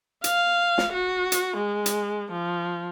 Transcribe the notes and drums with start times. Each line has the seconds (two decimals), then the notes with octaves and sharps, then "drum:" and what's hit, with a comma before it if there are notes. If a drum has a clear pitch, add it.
0.24 F5, drum: hi-hat
0.78 drum: snare
0.93 F#4
1.32 drum: hi-hat
1.57 G#3
1.86 drum: hi-hat
2.31 F3